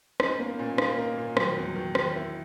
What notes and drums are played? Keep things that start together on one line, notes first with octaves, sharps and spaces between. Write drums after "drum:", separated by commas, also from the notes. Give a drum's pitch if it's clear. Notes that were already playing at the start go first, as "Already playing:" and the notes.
C#4 D#4, drum: rim click
A#3 B3
A#2 C#4
A#3 D#4, drum: rim click
A#3
A#2
D#3 F#3, drum: rim click
E2
F#3
D#3
D#3, drum: rim click
E4